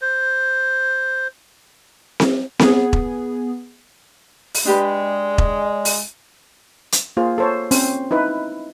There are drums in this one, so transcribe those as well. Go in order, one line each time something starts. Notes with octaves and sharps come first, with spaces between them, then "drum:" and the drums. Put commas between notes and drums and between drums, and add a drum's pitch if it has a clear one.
C5
drum: snare C4
B3 G#4, drum: snare C4
drum: kick E1
drum: open hi-hat
G#3 D4 G4 B4 D5
drum: kick E1
drum: open hi-hat
drum: hi-hat
A#3 F4 G#4 C5
A4 C5 C#5
C4 C#4 C5, drum: open hi-hat
D#4 E4 B4